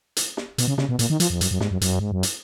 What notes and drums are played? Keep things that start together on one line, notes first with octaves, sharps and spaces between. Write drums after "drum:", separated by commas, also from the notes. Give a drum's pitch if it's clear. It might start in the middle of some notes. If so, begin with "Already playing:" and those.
drum: hi-hat
drum: snare
B2, drum: hi-hat
C#3
C#3, drum: snare
B2
A#2, drum: hi-hat
D#3
F3, drum: hi-hat
F2
F#2, drum: hi-hat
F#2
G#2, drum: snare
F#2
F#2, drum: hi-hat
G#2
F#2
drum: hi-hat